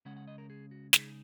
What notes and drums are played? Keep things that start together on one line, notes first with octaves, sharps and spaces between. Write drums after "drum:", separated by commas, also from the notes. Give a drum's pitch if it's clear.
C#3 G#3 C#4 F#5
F#5
D#5
A#4
G#4
F#4
C#3 G#3 D#4 G#4, drum: snare